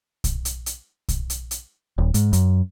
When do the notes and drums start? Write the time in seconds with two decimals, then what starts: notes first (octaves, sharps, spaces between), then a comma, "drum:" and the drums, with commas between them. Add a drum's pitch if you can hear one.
0.24 drum: kick B1, hi-hat
0.45 drum: hi-hat
0.66 drum: hi-hat
1.08 drum: kick B1, hi-hat
1.30 drum: hi-hat
1.51 drum: hi-hat
1.98 D#1
2.14 G#2, drum: hi-hat
2.33 F#2, drum: hi-hat